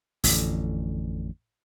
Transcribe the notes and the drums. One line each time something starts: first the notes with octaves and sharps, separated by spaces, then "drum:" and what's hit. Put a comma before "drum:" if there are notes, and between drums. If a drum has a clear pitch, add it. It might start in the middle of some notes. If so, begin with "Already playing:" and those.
A1 F2 D3, drum: open hi-hat